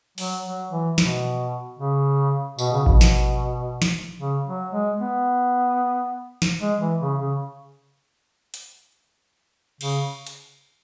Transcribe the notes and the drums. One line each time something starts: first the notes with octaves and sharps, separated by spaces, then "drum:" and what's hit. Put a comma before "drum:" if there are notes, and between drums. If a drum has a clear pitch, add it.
F#3, drum: open hi-hat
F#3
E3
B2, drum: snare
C#3
B2, drum: tambourine
C#3
B2, drum: kick A1
drum: snare
drum: snare
C#3
F#3
G#3
B3
drum: snare
G#3
E3
C#3
C#3
drum: hi-hat
C#3, drum: cymbal
drum: hi-hat